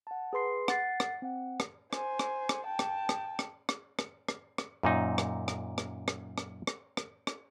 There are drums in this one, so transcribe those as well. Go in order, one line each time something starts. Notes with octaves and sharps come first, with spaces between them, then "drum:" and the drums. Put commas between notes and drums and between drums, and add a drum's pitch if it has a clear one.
F#5 A5
G#4 B4 C6 C7
F#5 A6 C7, drum: rim click
drum: rim click
C4 F#5
drum: rim click
C5 G#5, drum: rim click
drum: rim click
drum: rim click
G5 A5
drum: rim click
drum: rim click
drum: rim click
drum: rim click
drum: rim click
drum: rim click
drum: rim click
F#2 A#2 D#4
drum: rim click
drum: rim click
drum: rim click
drum: rim click
drum: rim click
drum: rim click
drum: rim click
drum: rim click